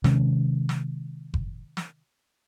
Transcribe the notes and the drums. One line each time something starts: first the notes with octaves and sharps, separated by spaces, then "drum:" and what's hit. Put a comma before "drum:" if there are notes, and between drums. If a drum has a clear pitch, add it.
C3 D#3 G#3 C#4, drum: snare
drum: snare
drum: kick F#1
drum: snare